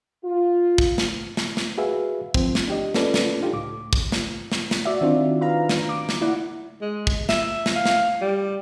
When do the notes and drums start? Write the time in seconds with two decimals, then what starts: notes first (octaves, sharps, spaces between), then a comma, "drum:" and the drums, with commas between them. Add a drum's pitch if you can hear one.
0.24 F4
0.78 drum: kick
0.98 drum: snare
1.37 drum: snare
1.57 drum: snare
1.78 F#4 G#4 B4 E5 F5
2.34 F3 C4, drum: kick
2.55 drum: snare
2.68 D4 G4 D#5
2.94 A#3 C#4 F4 A4 B4 D5, drum: snare
3.14 drum: snare
3.40 D4 D#4 F4 G4 A4
3.53 C#2 A2 D6
3.93 drum: kick
4.12 drum: snare
4.52 drum: snare
4.71 drum: snare
4.85 F#4 D5 E5
5.01 D#3 C4 D4 D#4 F4
5.41 B4 F5 A#5
5.69 drum: snare
5.89 D6
6.09 drum: snare
6.21 A#3 E4 D5 F#5
6.81 G#3
7.07 drum: kick
7.29 E5, drum: snare
7.66 drum: snare
7.76 F5
7.85 drum: snare
8.21 G3